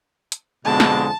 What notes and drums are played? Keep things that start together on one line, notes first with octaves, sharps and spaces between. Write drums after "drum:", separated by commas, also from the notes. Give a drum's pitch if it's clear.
drum: hi-hat
F2 B2 D3 G#3 A5
drum: snare